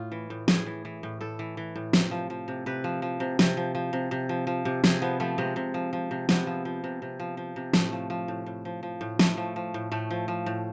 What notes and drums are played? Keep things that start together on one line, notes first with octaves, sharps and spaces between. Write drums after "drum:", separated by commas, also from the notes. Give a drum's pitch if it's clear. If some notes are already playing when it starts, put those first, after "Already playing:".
Already playing: A2 F4
E3
A2
A2 G#4, drum: snare
E3
E3
A2
A2 A4
E3
E3
A2
C3, drum: snare
F3
F3
C3
C3 B4
F3
F3
C3
C3, drum: snare
F3
F3
C3
C3
F3
F3
C3
C3 G#4, drum: snare
F3 B3
F3 A3
C3 G#3
C3
F3
F3
C3
C3 B3, drum: snare
F3
F3
C3
C3
F3
F3
C3
A2 A3, drum: snare
F3
F3
A2
A2
F3
F3
A2
A2 A3, drum: snare
F3
F3
A2
A2 A3
F3
F3
A2